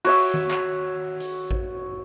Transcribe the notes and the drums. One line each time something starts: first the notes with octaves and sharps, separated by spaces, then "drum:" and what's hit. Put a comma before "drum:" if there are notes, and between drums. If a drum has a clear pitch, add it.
F#4 C#5 E5, drum: cymbal
drum: tom D#3
drum: clap
drum: hi-hat
drum: kick A1